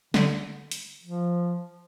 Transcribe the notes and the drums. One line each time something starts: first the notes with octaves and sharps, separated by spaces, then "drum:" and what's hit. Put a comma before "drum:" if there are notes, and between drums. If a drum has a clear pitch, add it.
D3, drum: snare
drum: hi-hat
F3